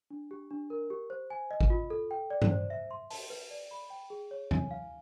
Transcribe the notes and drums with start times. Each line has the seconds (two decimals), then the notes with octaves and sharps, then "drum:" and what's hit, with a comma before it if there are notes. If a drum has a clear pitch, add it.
0.10 D4
0.31 G4
0.51 D4
0.70 A#4
0.90 G4
1.10 C5
1.30 G#5
1.51 D#5
1.61 drum: kick G#1
1.70 F4
1.90 A4
2.11 G5
2.30 D5
2.42 drum: tom G2
2.51 C5
2.70 E5
2.91 C6
3.10 A5, drum: open hi-hat
3.30 B4
3.51 D5
3.71 B5
3.90 G5
4.10 G#4
4.31 C#5
4.51 G#5, drum: tom E2
4.71 F5